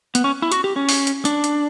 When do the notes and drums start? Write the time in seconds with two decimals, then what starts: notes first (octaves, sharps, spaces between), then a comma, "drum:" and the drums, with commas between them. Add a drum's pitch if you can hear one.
0.15 B3, drum: hi-hat
0.24 C#4
0.42 E4
0.52 F#4, drum: hi-hat
0.64 G4
0.76 C#4
0.89 drum: open hi-hat
1.07 drum: hi-hat
1.25 D4, drum: hi-hat
1.44 drum: hi-hat